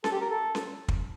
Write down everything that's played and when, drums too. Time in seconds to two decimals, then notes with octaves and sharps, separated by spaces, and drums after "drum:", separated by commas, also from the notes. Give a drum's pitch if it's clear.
0.04 A4, drum: snare C#4
0.12 G4
0.21 A#4
0.30 A4
0.55 drum: snare C#4
0.88 drum: kick